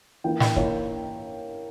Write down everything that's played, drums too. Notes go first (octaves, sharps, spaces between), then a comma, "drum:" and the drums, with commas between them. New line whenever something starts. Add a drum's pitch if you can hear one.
E3 A#3 E4 G5
G5, drum: snare
E3 A#3 E4 C#5, drum: kick